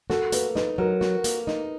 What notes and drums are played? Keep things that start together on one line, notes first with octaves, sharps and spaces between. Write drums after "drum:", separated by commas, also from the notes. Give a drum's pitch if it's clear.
F#4 A4, drum: snare
A#3 B4, drum: hi-hat
D#4 B4, drum: snare
F#3 A#4
F#4, drum: snare
A#3, drum: hi-hat
D#4, drum: snare